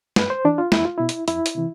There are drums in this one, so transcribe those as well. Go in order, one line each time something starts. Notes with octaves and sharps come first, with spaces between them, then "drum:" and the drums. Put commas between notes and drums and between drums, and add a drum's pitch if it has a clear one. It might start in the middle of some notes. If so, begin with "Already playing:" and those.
G2 B4, drum: snare
C5
E3 D4
F4
E2 E4, drum: snare
F4
B2 E4
drum: hi-hat
F2 E4, drum: hi-hat
drum: hi-hat
C3 E3